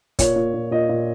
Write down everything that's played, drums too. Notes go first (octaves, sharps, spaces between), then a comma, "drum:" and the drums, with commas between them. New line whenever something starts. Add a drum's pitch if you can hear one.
A#2 C#5, drum: kick, hi-hat
A#2
A#2
A#2 D#5
A#2